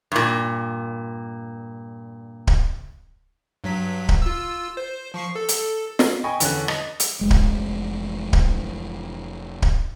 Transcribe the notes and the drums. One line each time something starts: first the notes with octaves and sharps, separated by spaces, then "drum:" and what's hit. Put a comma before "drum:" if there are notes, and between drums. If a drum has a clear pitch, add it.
G2 A#2
drum: kick D1
G2 F#3 B6
drum: kick D1
F4 E6
C5
F3 C#6 C7
A4
drum: hi-hat
drum: snare
D#5 G5 G#5 B5 C#6
E2 D3 C#4 F#6, drum: hi-hat
D#5, drum: rim click
drum: hi-hat
F1 G#3
drum: kick D1
drum: kick D1
drum: kick D1